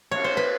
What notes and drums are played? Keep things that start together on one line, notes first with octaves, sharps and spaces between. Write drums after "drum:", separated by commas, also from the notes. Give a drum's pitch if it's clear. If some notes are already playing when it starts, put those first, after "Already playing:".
C#5, drum: cymbal
C5
B4